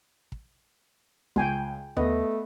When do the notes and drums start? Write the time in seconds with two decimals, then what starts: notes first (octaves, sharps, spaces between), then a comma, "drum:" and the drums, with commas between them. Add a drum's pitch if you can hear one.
0.32 drum: kick
1.36 C#2 G5 G#5 C6, drum: kick
1.97 A3 B3 D#5, drum: tom D#2